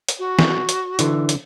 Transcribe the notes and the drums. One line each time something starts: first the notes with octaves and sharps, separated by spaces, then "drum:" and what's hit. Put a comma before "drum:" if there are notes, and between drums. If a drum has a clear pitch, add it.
drum: hi-hat
F#4
drum: snare
drum: hi-hat
D3 E3, drum: hi-hat
drum: hi-hat